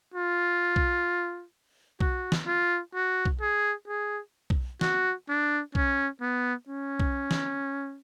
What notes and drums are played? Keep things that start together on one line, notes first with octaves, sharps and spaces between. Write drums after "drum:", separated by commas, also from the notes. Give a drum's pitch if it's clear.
F4
drum: kick B1
F#4, drum: kick B1
drum: snare
F4
F#4
drum: kick B1
G#4
G#4
drum: kick B1
F#4, drum: snare
D4
C#4, drum: kick B1
B3
C#4
drum: kick B1
drum: snare